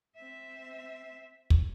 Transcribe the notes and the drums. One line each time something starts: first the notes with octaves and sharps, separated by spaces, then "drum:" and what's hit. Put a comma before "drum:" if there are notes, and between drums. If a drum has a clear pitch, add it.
C4 E5
drum: kick